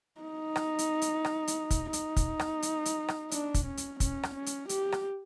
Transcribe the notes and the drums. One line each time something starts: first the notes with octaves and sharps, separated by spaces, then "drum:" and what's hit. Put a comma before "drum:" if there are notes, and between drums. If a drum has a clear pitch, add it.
D#4
drum: rim click
drum: hi-hat
drum: hi-hat
drum: rim click
drum: hi-hat
drum: kick, hi-hat
D#4, drum: hi-hat
drum: kick, hi-hat
drum: rim click
drum: hi-hat
drum: hi-hat
drum: rim click
D4, drum: hi-hat
drum: kick, hi-hat
C#4
drum: hi-hat
C#4, drum: kick, hi-hat
drum: rim click
C#4
drum: hi-hat
G4, drum: hi-hat
drum: rim click